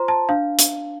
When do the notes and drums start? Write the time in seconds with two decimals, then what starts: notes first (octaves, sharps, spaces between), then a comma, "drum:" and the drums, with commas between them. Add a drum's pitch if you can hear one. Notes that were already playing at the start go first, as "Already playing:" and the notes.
Already playing: F4 C5 A#5 C6
0.08 A5
0.29 D4 F5
0.59 drum: hi-hat